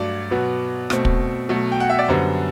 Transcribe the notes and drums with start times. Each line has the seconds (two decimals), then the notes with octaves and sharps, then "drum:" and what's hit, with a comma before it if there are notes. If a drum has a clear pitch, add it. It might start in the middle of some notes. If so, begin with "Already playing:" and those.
Already playing: G2 F#3 A3 D5
0.31 B2 F#3 B3
0.90 B2 A3 C4, drum: rim click
1.05 drum: kick
1.49 B2 F#3 A3
1.72 G5
1.80 F#5
1.90 E5
1.99 D5
2.08 F#2 D3 G3 B3 C5